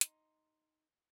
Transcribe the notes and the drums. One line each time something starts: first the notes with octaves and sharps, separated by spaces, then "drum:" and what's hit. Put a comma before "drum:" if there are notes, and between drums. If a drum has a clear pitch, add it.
D#4 C6, drum: hi-hat